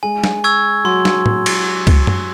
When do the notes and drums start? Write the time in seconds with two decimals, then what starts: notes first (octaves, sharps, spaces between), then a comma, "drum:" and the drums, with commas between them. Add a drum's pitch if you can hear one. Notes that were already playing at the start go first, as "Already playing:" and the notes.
0.03 G#3 G#5
0.24 drum: snare
0.44 C#6 E6 G#6
0.85 F#3 C6
1.05 drum: snare
1.26 drum: tom
1.46 drum: cymbal
1.87 drum: kick C#2, cymbal
2.07 drum: tom F#2